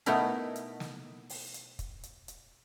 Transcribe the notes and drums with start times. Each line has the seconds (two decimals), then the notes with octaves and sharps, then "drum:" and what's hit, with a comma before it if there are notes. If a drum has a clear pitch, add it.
0.06 B2 A3 B3 D#4 E4 A#4, drum: hi-hat
0.56 drum: hi-hat
0.80 drum: snare
1.30 drum: open hi-hat
1.54 drum: hi-hat
1.79 drum: kick, hi-hat
2.03 drum: hi-hat
2.28 drum: hi-hat